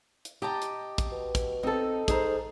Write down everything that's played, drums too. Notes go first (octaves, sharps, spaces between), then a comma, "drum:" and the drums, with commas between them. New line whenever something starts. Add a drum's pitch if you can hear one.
drum: hi-hat
G4 D#5 A5 A#5
drum: hi-hat
drum: kick, hi-hat
B2
drum: kick, hi-hat
C4 D#4 A4
G#2 G#4 C5 A#5, drum: kick, hi-hat